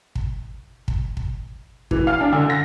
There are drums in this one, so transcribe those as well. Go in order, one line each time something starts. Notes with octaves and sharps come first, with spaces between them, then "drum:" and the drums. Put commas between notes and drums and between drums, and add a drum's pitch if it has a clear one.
drum: kick
drum: kick
drum: kick
E3, drum: kick
F5
D4
D3
A#6